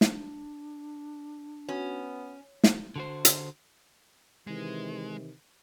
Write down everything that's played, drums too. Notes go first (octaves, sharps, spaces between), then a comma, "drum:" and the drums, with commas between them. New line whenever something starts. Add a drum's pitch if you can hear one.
D4, drum: snare
B3 C#4 F#4
drum: snare
D3 F#4 C5
drum: hi-hat
C3 D#3 E3 G#3